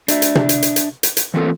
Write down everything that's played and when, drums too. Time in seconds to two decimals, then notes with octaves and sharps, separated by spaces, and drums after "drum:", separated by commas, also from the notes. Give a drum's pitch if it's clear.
0.08 D4 E5, drum: hi-hat
0.22 drum: hi-hat
0.35 drum: tom
0.49 drum: hi-hat
0.62 drum: hi-hat
0.76 drum: hi-hat
1.03 drum: hi-hat
1.17 drum: hi-hat
1.34 E3 A3 A#3 C4 F4 A4